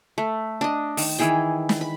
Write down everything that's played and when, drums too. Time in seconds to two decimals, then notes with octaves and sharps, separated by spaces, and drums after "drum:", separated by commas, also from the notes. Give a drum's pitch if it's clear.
0.18 A3
0.61 D4 D#5
0.97 D#3, drum: open hi-hat
1.18 D#3 E3 G#4 G5
1.69 drum: snare
1.81 B5